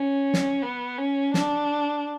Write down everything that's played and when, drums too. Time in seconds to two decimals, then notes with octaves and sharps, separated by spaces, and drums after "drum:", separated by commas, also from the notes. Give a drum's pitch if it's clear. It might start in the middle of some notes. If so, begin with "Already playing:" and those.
Already playing: C#4
0.34 drum: snare
0.62 B3
0.98 C#4
1.34 D4, drum: snare